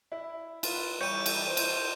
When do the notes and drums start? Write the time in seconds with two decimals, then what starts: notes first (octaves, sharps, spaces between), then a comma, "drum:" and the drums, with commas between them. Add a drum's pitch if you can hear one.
0.12 E4
0.63 F4 B4, drum: cymbal
1.01 E3 G3 C#5 G6 D#7
1.26 drum: cymbal
1.47 C5
1.57 drum: cymbal